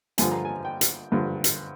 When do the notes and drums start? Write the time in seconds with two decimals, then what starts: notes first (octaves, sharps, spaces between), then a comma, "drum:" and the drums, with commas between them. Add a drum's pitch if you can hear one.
0.18 G2 D3 F3 G#5, drum: hi-hat
0.32 A#5
0.45 G#5
0.65 G5
0.81 drum: hi-hat
1.12 G2 D3 F3
1.44 drum: hi-hat